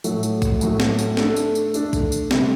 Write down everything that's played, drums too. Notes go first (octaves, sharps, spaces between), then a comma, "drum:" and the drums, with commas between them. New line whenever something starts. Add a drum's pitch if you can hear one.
A2 F#3 A3, drum: tambourine
drum: tambourine
drum: kick, tambourine
A2 F#3 A3, drum: tambourine
drum: snare
drum: tambourine
A3 D4 A4, drum: snare
drum: tambourine
drum: tambourine
A3 D4 A4, drum: tambourine
drum: kick, tambourine
drum: tambourine
C3 G3 C4, drum: snare